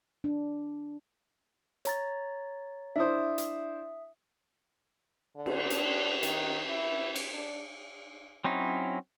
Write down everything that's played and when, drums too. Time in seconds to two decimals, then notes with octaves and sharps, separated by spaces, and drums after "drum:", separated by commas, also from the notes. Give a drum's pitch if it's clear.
0.24 D4
1.85 C#5 A#5 A6, drum: hi-hat
2.96 D4 E4 C5 E5 D#6
3.38 drum: hi-hat
5.36 D3
5.46 drum: cymbal
5.70 D4, drum: hi-hat
6.23 D#3, drum: hi-hat
6.69 E4
7.16 drum: cymbal
7.34 D4
8.44 F#3 C4 C#4 D#4 E4